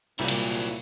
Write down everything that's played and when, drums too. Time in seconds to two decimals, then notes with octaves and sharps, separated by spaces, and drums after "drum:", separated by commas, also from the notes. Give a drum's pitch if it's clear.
0.19 C2 A#2 F#3 G3 E4
0.28 drum: cymbal